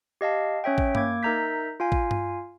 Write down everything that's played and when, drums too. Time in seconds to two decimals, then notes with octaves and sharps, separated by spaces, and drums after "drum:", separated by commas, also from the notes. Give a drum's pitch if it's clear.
0.21 G4 D#5 F5 A5
0.64 C#4 C#5 E5 G5
0.78 drum: kick A1
0.95 A#3 D6 G#6, drum: tom G2
1.23 D#4 A#4 E5 A#5 G6 B6
1.80 F4 F5 G#5
1.92 drum: kick A1
2.11 drum: tom G2